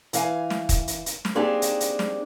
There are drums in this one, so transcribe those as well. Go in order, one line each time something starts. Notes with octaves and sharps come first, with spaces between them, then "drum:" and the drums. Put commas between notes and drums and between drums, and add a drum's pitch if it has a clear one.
E3 F5 G#5, drum: hi-hat
drum: snare
drum: kick, hi-hat
drum: hi-hat
drum: hi-hat
drum: snare
A#3 C4 D4 D#4 G4 G#4
drum: hi-hat
drum: hi-hat
drum: snare